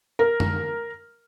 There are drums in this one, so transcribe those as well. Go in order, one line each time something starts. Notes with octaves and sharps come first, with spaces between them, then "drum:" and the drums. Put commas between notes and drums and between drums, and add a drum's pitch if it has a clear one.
A#4
drum: tom